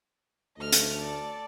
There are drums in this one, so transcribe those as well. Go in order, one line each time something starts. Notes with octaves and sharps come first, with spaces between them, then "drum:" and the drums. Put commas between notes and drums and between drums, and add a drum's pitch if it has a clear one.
D2 A3 D#5 F6
drum: hi-hat
A4 D5